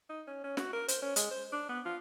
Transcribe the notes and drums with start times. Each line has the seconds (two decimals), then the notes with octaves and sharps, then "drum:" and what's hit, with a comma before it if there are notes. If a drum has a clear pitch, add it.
0.10 D#4
0.27 C#4
0.44 C#4
0.57 F#4, drum: snare
0.73 A#4
0.88 C5, drum: hi-hat
1.02 C#4
1.16 G#3, drum: hi-hat
1.31 C5
1.52 D4
1.69 B3
1.86 F4